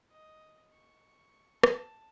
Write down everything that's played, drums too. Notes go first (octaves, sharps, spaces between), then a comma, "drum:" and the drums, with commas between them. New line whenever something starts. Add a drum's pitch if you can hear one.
D#5
C#6
A5, drum: rim click